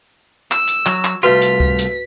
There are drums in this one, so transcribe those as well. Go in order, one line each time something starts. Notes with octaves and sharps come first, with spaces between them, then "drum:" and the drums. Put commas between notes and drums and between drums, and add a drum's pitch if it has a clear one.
E6, drum: clap
drum: hi-hat
F#3, drum: clap
drum: clap
C2 A3 F4 F#4 B4 B6
drum: hi-hat
drum: kick C#2
drum: hi-hat